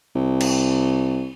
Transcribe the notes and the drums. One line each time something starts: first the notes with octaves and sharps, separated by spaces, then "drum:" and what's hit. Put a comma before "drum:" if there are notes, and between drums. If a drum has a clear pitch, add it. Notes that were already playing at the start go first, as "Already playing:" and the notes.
C2
drum: cymbal